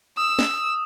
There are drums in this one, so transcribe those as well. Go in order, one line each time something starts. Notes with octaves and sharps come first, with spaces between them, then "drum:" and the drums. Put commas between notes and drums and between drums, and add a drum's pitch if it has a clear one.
D#6 E6 E7
drum: snare